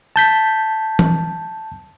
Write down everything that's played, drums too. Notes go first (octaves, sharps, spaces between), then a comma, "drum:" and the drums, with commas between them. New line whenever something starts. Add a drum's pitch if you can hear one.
A5 G6 B6
drum: tom E3